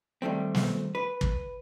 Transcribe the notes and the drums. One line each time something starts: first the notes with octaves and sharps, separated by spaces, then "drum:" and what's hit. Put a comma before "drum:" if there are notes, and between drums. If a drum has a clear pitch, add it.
D#3 G3 A3 C4
drum: snare
B4
drum: kick